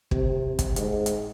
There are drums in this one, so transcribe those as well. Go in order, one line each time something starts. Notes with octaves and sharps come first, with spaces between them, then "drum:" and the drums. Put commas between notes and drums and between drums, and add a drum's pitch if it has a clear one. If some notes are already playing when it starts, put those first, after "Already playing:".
C3, drum: kick
drum: kick, hi-hat
G#2, drum: hi-hat
drum: hi-hat